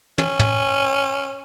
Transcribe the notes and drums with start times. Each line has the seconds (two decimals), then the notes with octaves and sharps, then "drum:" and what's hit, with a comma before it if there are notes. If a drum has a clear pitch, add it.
0.18 C#4, drum: tom
0.39 drum: tom